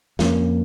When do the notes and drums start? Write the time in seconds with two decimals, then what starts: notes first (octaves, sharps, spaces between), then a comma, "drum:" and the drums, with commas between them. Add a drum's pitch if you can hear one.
0.19 F2 F3 A#3 C#4, drum: snare